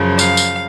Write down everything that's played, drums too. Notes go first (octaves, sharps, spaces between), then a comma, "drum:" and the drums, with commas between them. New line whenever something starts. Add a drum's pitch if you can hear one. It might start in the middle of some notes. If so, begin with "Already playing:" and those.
Already playing: F#2 C#3 F3
F5, drum: tambourine
drum: tambourine